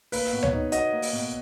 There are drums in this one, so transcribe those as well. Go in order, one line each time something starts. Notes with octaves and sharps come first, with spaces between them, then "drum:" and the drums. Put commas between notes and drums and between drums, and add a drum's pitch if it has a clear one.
A#3 B4, drum: open hi-hat
B2
C#5, drum: tom D2
D#4
F#4 D#5, drum: hi-hat
A#3
drum: open hi-hat
B2